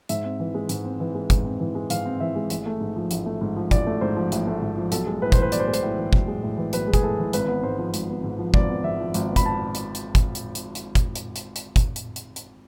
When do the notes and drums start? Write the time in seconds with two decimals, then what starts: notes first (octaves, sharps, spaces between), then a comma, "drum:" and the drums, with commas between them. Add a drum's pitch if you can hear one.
0.09 G#2 E5, drum: hi-hat
0.25 C4
0.40 E3
0.55 G#3
0.69 G#2, drum: hi-hat
0.85 C4
1.00 E3
1.15 G#3
1.30 G#2, drum: kick, hi-hat
1.45 C4
1.60 E3
1.75 G#3
1.90 G#2 F5, drum: hi-hat
2.06 C4
2.20 E3 E5
2.36 G#3
2.50 A1, drum: hi-hat
2.66 A3
2.81 G#2
2.96 F3
3.11 A1, drum: hi-hat
3.26 A3
3.41 G#2
3.56 F3
3.71 A1 D5, drum: kick, hi-hat
3.86 A3
4.01 G#2 C5
4.16 F3
4.32 A1, drum: hi-hat
4.47 A3
4.62 G#2
4.77 F3
4.92 B1 A4, drum: hi-hat
5.07 G#3
5.22 A2 B4
5.32 C5, drum: kick, hi-hat
5.38 E3 B4
5.52 B1 D5, drum: hi-hat
5.60 C5
5.67 G#3 B4
5.74 C5, drum: hi-hat
5.83 A2
5.98 E3
6.13 B1, drum: kick
6.28 G#3
6.43 A2
6.57 E3
6.73 B1 B4, drum: hi-hat
6.88 G#3
6.94 G#4, drum: kick, hi-hat
7.03 A2 A4
7.18 E3
7.33 G#1 B4, drum: hi-hat
7.48 B3
7.63 G#2 C5
7.79 F3
7.94 G#1, drum: hi-hat
8.08 B3
8.24 G#2
8.38 F3
8.54 G#1 D5, drum: kick
8.69 B3
8.84 G#2 E5
9.00 F3
9.14 G#1, drum: hi-hat
9.29 B3
9.36 B5, drum: kick, hi-hat
9.46 A5
9.75 drum: hi-hat
9.95 drum: hi-hat
10.15 drum: kick, hi-hat
10.35 drum: hi-hat
10.55 drum: hi-hat
10.75 drum: hi-hat
10.95 drum: kick, hi-hat
11.16 drum: hi-hat
11.36 drum: hi-hat
11.56 drum: hi-hat
11.76 drum: kick, hi-hat
11.96 drum: hi-hat
12.16 drum: hi-hat
12.36 drum: hi-hat